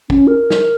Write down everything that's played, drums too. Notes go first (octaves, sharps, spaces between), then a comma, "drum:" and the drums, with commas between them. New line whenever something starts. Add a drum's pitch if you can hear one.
C#4, drum: kick
A#4
drum: snare